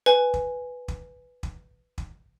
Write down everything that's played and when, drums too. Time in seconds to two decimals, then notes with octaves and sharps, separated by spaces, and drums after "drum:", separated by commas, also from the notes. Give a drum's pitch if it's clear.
0.06 B4 G#5
0.34 drum: kick
0.88 drum: kick
1.43 drum: kick
1.98 drum: kick